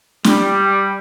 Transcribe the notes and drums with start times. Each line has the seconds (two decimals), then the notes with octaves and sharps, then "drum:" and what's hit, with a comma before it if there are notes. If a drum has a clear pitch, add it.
0.24 G3, drum: snare